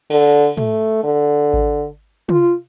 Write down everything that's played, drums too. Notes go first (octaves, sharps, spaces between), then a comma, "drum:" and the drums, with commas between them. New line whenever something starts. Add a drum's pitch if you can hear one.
D3, drum: cymbal
A3, drum: tom
D3
drum: kick G#1
F4, drum: tom